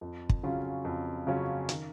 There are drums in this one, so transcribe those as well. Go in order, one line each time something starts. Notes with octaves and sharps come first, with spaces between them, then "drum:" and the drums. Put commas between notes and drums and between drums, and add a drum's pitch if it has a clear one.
F2
drum: kick
C#3 F#3 C#4 F4
F2
C#3 F#3 C#4 F4
D#3, drum: hi-hat